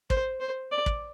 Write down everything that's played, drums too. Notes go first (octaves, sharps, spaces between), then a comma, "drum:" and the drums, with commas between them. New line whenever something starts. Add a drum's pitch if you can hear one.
C5, drum: kick
C5
D5
drum: kick